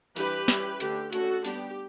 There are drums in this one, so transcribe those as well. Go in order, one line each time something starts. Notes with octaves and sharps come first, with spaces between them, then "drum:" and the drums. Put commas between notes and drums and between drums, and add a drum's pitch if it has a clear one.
E3 G3 D4 G4 B4, drum: open hi-hat
G3 C#4 E4, drum: snare
D3 A3 D4 G4, drum: hi-hat
D3 A3 C#4 F#4 A4, drum: hi-hat
G3 B3 D4 G4, drum: open hi-hat